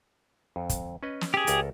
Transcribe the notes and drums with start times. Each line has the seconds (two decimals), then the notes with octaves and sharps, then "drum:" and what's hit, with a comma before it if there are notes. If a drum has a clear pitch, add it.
0.56 F2
0.69 drum: kick, hi-hat
1.03 C#4 B4 D#5
1.21 drum: snare
1.34 G4 G#4
1.47 C#2 A4 A#4, drum: hi-hat